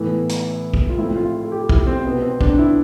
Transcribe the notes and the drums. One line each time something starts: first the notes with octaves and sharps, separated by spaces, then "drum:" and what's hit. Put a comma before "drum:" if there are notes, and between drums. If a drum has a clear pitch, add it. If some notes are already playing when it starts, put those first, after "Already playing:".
Already playing: A2 E3 B3 E4
drum: hi-hat
drum: kick
F4
A2 F3 C4 E4
F4
F4
A4
G4
E4, drum: kick
C4
B2 B3
C4
D4, drum: kick
E4